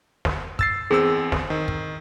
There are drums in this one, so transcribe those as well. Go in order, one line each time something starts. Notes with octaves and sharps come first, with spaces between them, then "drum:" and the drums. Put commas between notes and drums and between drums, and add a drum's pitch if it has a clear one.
drum: snare
E6 A6 C7, drum: kick
E2 C4 G#4 E6
drum: snare
D#3
drum: kick